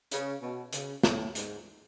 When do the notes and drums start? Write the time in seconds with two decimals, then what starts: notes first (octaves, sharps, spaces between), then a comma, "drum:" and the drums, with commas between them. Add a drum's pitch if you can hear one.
0.12 C#3, drum: hi-hat
0.42 B2
0.73 C#3, drum: hi-hat
1.03 A2, drum: snare
1.35 G#2, drum: hi-hat